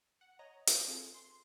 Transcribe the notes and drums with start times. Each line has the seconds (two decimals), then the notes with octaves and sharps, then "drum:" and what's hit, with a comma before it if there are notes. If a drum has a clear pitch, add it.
0.21 F#5
0.39 C#5 D#5 A#5
0.67 B4 G6, drum: hi-hat
0.88 C4 F4 G#4 A4
1.14 C6